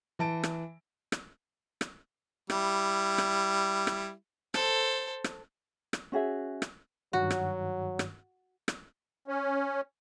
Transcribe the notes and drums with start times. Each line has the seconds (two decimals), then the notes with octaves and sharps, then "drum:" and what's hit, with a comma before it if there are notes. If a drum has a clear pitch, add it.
0.19 E3 A5 D7
0.43 drum: rim click
1.12 drum: rim click
1.81 drum: rim click
2.50 G3 E4, drum: rim click
3.18 drum: rim click
3.87 drum: rim click
4.54 A4 C5, drum: rim click
5.24 drum: rim click
5.93 drum: rim click
6.12 C#4 F#4 G#4 E5
6.62 drum: rim click
7.13 G2 D#3 F#3 F#4
7.30 drum: rim click
7.99 drum: rim click
8.68 drum: rim click
9.28 C#4